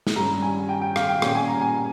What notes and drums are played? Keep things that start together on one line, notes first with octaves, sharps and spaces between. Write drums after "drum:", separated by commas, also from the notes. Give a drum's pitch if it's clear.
drum: snare
G2 G3 C#4 A#5
G#5
G5
G5
F5, drum: rim click
G5
A#2 G3 C#4, drum: rim click
G#5
A#5
G#5